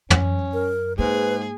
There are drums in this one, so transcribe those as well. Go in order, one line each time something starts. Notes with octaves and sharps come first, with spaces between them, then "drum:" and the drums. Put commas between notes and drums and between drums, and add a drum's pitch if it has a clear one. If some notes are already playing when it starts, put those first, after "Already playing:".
F#2 C#4, drum: tom
A#4
G#2 A#3 G#4 B4